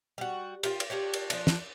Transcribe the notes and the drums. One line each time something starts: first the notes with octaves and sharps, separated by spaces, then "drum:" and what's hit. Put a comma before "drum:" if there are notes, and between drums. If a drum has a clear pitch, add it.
G3 F#4
F4 G4, drum: cymbal
drum: cymbal
D4 F4 G4 C#5
drum: cymbal
F3 D4, drum: cymbal
drum: snare